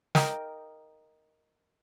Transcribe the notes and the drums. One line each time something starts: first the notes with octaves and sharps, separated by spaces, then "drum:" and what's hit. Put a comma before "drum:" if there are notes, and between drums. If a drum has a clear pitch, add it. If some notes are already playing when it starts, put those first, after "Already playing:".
A#4 D#5 G5, drum: snare